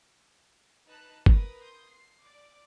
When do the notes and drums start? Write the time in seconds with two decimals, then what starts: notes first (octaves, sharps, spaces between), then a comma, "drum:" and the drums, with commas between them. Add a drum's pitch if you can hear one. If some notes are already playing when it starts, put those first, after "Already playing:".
0.87 D#4 B4 A5 F#6 B6
1.26 A#4 B4 D#6, drum: kick
1.59 C6 D#6 G6
1.89 C7
2.22 D5 D6